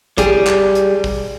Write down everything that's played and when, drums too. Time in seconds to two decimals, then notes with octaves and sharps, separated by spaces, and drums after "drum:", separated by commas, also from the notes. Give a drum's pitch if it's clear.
0.18 G3 G#4, drum: kick, hi-hat
0.47 drum: clap
0.75 drum: hi-hat
1.04 drum: kick, open hi-hat